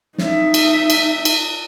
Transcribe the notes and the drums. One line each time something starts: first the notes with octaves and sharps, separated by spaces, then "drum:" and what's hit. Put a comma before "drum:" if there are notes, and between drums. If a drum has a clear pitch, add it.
D#4 E5, drum: snare
drum: cymbal
drum: cymbal
drum: cymbal